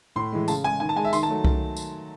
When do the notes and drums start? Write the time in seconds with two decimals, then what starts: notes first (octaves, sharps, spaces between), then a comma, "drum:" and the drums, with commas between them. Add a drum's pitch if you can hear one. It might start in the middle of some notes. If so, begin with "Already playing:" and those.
0.16 A2 C6
0.32 E3 G#3
0.48 C#3 A5, drum: tambourine
0.64 G#3 G#5
0.80 D#3 G#5
0.89 A5
0.96 G#3 G#5
1.05 E5
1.13 D#3 C6, drum: tambourine
1.23 A5
1.29 F#3 A3
1.44 drum: kick C2
1.77 drum: tambourine